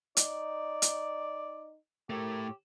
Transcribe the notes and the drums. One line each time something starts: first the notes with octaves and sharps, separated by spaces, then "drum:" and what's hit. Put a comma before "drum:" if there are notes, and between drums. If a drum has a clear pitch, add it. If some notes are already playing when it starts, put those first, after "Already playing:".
D#4 D5, drum: hi-hat
drum: hi-hat
A2 A3 G4 A#4